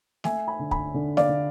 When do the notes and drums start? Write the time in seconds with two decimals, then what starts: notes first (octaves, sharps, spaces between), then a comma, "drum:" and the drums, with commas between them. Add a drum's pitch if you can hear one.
0.24 A3 E5 G#5, drum: snare
0.47 G#5 B5
0.59 D3
0.71 G#5 B5, drum: kick
0.94 D3
1.17 D5 F5, drum: snare
1.28 D3